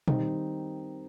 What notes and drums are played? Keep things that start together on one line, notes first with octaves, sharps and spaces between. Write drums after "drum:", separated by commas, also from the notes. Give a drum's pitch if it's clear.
D#3 G3 C4 D#4, drum: tom